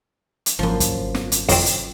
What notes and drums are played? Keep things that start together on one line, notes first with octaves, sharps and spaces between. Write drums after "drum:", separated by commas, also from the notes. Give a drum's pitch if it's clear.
drum: hi-hat
G#1 F#2 C#3 F3 A#3
drum: kick, hi-hat
drum: snare
drum: hi-hat
F2 C4, drum: kick, open hi-hat
drum: hi-hat